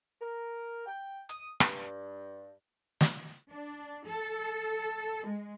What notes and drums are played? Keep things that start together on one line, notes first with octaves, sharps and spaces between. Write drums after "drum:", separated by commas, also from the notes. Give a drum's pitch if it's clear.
A#4
G5
D#6, drum: hi-hat
G2, drum: rim click
drum: snare
D4
A4
G#3